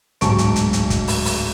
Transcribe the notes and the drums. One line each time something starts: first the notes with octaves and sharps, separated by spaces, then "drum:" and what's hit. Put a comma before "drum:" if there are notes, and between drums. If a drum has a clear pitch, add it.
D1 B1 G#2 A5 C#6 D7, drum: hi-hat
drum: hi-hat
drum: hi-hat
drum: hi-hat
drum: kick, hi-hat
drum: open hi-hat
drum: open hi-hat